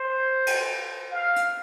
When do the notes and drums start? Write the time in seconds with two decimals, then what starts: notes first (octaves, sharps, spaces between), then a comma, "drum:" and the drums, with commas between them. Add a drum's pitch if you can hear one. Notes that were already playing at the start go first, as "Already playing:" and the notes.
Already playing: C5
0.47 drum: cymbal
1.12 F5
1.36 drum: hi-hat